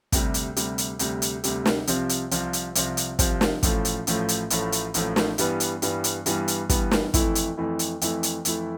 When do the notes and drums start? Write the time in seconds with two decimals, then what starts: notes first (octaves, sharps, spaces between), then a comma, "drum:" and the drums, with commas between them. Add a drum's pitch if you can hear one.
0.12 D2 C3 G3, drum: kick, hi-hat
0.34 drum: hi-hat
0.56 D2 C3 G3, drum: hi-hat
0.78 drum: hi-hat
0.99 D2 C3 G3, drum: hi-hat
1.22 drum: hi-hat
1.44 D2 C3 G3, drum: hi-hat
1.66 drum: snare
1.87 C2 C3 F3 C4, drum: hi-hat
2.09 drum: hi-hat
2.31 C2 C3 F3 C4, drum: hi-hat
2.53 drum: hi-hat
2.75 C2 C3 F3 C4, drum: hi-hat
2.97 drum: hi-hat
3.19 C2 C3 F3 C4, drum: kick, hi-hat
3.41 drum: snare
3.63 A1 A2 F3 A3, drum: kick, hi-hat
3.85 drum: hi-hat
4.07 A1 A2 F3 A3, drum: hi-hat
4.28 drum: hi-hat
4.50 A1 A2 F3 A3, drum: hi-hat
4.72 drum: hi-hat
4.94 A1 A2 F3 A3, drum: hi-hat
5.16 drum: snare
5.38 G2 E3 G3 B3, drum: hi-hat
5.60 drum: hi-hat
5.82 G2 E3 G3 B3, drum: hi-hat
6.04 drum: hi-hat
6.26 G2 E3 G3 B3, drum: hi-hat
6.48 drum: hi-hat
6.69 G2 E3 G3 B3, drum: kick, hi-hat
6.91 drum: snare
7.14 F2 E3 A3 E4, drum: kick, hi-hat
7.35 drum: hi-hat
7.57 F2 E3 A3 E4
7.79 drum: hi-hat
8.01 F2 E3 A3 E4, drum: hi-hat
8.23 drum: hi-hat
8.45 F2 E3 A3 E4, drum: hi-hat